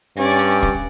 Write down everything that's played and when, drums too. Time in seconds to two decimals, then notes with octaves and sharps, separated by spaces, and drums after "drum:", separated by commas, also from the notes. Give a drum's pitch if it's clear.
0.17 G2 C#4 D5
0.63 drum: kick